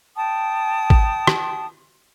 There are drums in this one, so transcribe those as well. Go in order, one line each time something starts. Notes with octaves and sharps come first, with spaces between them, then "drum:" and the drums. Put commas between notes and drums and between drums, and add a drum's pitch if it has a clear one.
G5 A5 D#6
drum: kick G#1
drum: rim click